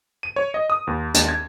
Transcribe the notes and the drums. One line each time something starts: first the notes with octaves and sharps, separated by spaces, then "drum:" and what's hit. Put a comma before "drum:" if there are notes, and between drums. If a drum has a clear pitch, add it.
D#7
C#5
D#5
D#6
D#2
D#2, drum: hi-hat
G#6